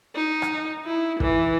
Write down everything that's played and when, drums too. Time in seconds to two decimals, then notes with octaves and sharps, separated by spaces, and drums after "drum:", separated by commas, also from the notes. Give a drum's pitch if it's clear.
0.15 D#4
0.42 drum: rim click
0.85 E4
1.20 E3, drum: kick